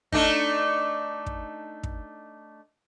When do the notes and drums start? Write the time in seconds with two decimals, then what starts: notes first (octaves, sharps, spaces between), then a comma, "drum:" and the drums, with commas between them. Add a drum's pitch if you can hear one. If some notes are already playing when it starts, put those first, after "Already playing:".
0.12 A3 D4 D#4, drum: kick
1.26 drum: kick
1.83 drum: kick